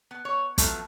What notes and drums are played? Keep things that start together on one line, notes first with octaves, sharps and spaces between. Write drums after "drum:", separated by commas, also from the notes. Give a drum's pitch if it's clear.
B3
C#5
F3 F#3 A3 B3, drum: kick, hi-hat